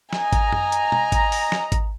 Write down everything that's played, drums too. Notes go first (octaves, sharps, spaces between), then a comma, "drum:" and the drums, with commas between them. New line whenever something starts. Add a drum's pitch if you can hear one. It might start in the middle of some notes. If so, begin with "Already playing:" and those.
D#5 G#5 A#5, drum: snare
drum: kick G#1, hi-hat
drum: tom F#2
drum: hi-hat
drum: tom
drum: kick G#1, hi-hat
drum: open hi-hat
drum: snare
drum: kick G#1, hi-hat